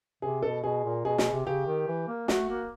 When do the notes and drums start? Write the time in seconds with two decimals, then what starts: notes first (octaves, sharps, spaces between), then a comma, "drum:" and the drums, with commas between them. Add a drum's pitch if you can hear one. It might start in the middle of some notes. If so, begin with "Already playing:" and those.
0.22 C3 G#4
0.43 B2 A4
0.64 B2 G#4
0.84 A#2
1.05 B2 G#4
1.18 B2, drum: snare
1.32 C3
1.46 C#3 G4
1.66 D#3
1.88 E3
2.08 A#3
2.28 A3 F#4, drum: snare
2.49 A#3